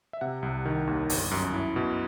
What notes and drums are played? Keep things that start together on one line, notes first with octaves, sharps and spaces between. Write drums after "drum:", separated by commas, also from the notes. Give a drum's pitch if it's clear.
E5
C3 F#5
C2
D#3
D#2
G1, drum: open hi-hat
F#2
E4
B2